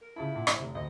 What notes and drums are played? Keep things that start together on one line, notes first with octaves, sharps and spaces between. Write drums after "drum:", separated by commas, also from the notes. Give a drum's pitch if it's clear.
A#4
C#3 E4 F4 A5
A#2 F#5
A#1, drum: rim click
F1
D2 D#5